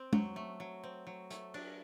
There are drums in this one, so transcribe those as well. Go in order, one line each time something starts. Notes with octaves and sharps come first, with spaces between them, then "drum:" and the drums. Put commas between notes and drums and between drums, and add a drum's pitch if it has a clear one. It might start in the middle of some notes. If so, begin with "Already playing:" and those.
Already playing: C4
F#3, drum: tom
A3
F#3
C4
F#3
A3, drum: hi-hat
D4, drum: cymbal